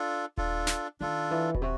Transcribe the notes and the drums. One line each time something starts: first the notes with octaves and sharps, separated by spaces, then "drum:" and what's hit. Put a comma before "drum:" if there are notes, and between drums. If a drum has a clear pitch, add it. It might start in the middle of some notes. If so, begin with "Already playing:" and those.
Already playing: D4 F4 A4
D4 F4 A4, drum: kick D#1
drum: snare
D#3 D4 F4 A4
E3
B2, drum: kick D#1
C3 F#4